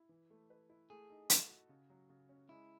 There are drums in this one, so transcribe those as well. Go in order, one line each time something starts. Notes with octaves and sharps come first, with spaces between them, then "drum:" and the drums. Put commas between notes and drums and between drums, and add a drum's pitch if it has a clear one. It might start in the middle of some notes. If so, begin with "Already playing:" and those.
Already playing: E4
E3
A3
B4
E4
A3 G#4
D#4
A4, drum: hi-hat
F#4
C#3
F#3
C#3
C#4
G#3 E4